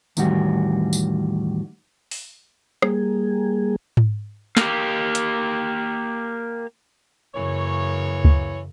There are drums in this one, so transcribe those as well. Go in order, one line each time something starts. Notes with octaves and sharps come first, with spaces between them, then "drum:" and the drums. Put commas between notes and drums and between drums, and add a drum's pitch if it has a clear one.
E2 A2 D#3 G3 F#4, drum: tambourine
drum: tambourine
drum: open hi-hat
G3 A#3 G#4, drum: rim click
drum: tom G#2
A#3 G4, drum: snare
drum: hi-hat
F#2 C#3 E3 A#3 C#5
drum: kick D2